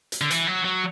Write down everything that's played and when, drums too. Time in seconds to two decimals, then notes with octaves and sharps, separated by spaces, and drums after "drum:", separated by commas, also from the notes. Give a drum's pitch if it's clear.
0.12 drum: hi-hat
0.21 D3
0.30 E3, drum: hi-hat
0.47 F#3
0.64 F#3